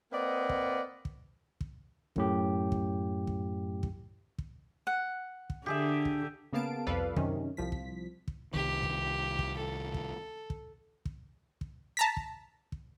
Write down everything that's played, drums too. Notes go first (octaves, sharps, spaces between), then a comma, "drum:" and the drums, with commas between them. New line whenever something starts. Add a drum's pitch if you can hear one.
A#3 C4 B4 D5 D#5 F#5
drum: kick
drum: kick
drum: kick
F#2 A2 G4, drum: kick
drum: kick
drum: kick
drum: kick
drum: kick
F#5
drum: kick
D3 G4 G#4 E5
drum: kick
C#3 A#3 B3 F5 A5 D7
C2 F2 A4 B4 D5 F5
F#2 C3 D#3 C#4, drum: kick
C2 F3 B6
drum: kick
drum: kick
C2 D#3 G4
drum: kick
drum: kick
A4
drum: kick
drum: kick
drum: kick
drum: kick
A5 A#5 B6
drum: kick
drum: kick